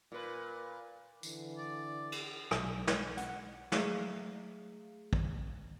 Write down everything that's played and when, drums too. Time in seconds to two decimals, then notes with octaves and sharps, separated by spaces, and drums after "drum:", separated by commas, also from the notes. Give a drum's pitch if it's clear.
0.12 A#2 B4
1.23 D3 E3, drum: tambourine
1.57 D5
2.12 drum: cymbal
2.51 B1, drum: rim click
2.87 drum: snare
3.17 F#5, drum: hi-hat
3.72 F#3 A3 G#4 F5, drum: snare
5.13 drum: kick